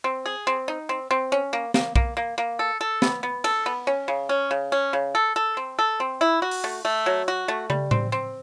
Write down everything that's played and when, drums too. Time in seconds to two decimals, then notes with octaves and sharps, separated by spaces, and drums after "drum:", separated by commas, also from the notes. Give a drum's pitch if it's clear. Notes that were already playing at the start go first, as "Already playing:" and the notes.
0.04 C4
0.26 G#4
0.47 C4
0.68 D#4
0.89 C4
1.11 C4
1.32 C#4
1.53 A#3
1.74 A#3, drum: snare
1.96 A#3, drum: kick
2.17 A#3
2.38 A#3
2.59 A4
2.81 A4
3.02 B3, drum: snare
3.23 B3
3.44 A4, drum: cymbal
3.66 B3
3.87 C#4
4.08 C#3
4.29 C#4
4.51 C#3
4.72 C#4
4.93 C#3
5.15 A4
5.36 A4
5.57 C4
5.79 A4
6.00 C4
6.21 E4
6.42 F#4
6.51 drum: open hi-hat
6.64 A3
6.85 A3
7.06 F#3
7.28 F#4
7.48 A3
7.70 G3, drum: tom
7.91 C4, drum: tom A2
8.12 C4